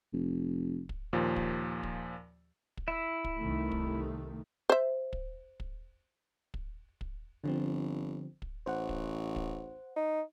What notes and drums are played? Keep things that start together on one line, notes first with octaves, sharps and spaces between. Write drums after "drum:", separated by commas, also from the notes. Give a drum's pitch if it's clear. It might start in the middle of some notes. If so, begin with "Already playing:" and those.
F1
drum: kick
D#2 A#2 F3
drum: kick
drum: kick
drum: kick
E4 E5
drum: kick
C2 D#3 A3
drum: kick
C5 E5
drum: kick
drum: kick
drum: kick
drum: kick
G1 D3 F3 C4
drum: kick
A1 C5 F#5
drum: kick
drum: kick
D#4